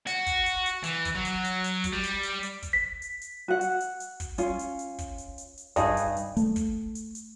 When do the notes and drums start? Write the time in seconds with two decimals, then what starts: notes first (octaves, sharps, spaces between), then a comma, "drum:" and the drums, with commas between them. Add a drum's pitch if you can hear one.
0.07 F#4, drum: hi-hat
0.26 drum: kick, hi-hat
0.46 drum: hi-hat
0.66 drum: hi-hat
0.84 E3, drum: hi-hat
1.05 drum: kick, hi-hat
1.15 F#3
1.25 drum: hi-hat
1.44 drum: hi-hat
1.64 drum: hi-hat
1.84 drum: kick, hi-hat
1.93 G3
2.03 drum: hi-hat
2.23 drum: hi-hat
2.43 drum: hi-hat
2.62 drum: kick, hi-hat
2.73 B6
3.02 drum: hi-hat
3.21 drum: hi-hat
3.48 F#4 F#5
3.61 drum: hi-hat
3.80 drum: hi-hat
4.00 drum: hi-hat
4.20 drum: kick, hi-hat
4.38 C#4 F4, drum: hi-hat
4.59 drum: hi-hat
4.79 drum: hi-hat
4.98 drum: kick, hi-hat
5.18 drum: hi-hat
5.38 drum: hi-hat
5.58 drum: hi-hat
5.76 G2 D#4 G#4 D#5, drum: kick, hi-hat
5.97 drum: hi-hat
6.17 drum: hi-hat
6.37 A3, drum: hi-hat
6.56 drum: kick, hi-hat
6.95 drum: hi-hat
7.15 drum: hi-hat